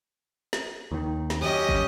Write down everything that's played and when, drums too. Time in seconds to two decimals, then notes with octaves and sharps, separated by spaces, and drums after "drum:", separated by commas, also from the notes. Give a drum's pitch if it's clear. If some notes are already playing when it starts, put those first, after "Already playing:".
0.53 drum: snare
0.92 D#2 D#3
1.30 drum: snare
1.41 F#2 C#4 G4 D#5
1.69 drum: kick